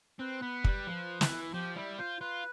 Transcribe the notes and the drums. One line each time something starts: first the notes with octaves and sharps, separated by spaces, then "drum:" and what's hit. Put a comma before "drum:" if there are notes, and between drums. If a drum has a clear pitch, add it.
C4 B4
B3
G3, drum: kick
F3
E3, drum: snare
F3 G4
F4
G3 E4
F4 C5
F4 B4